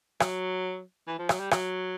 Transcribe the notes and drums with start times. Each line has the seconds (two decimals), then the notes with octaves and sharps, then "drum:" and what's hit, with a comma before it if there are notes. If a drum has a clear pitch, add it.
0.20 F#3, drum: rim click
1.07 E3
1.19 F3
1.29 F#3, drum: rim click
1.40 G3
1.51 F#3, drum: rim click